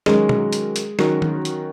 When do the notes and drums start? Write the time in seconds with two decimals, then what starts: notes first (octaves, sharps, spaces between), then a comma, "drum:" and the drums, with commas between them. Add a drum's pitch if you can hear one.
0.06 D#3 F#3 G#3 C#4 F#4 A#4, drum: snare
0.29 drum: tom B2
0.53 drum: hi-hat
0.76 drum: hi-hat
0.99 D#3 F#3 C#4 F#4 A#4, drum: snare
1.22 drum: tom D#3
1.45 drum: hi-hat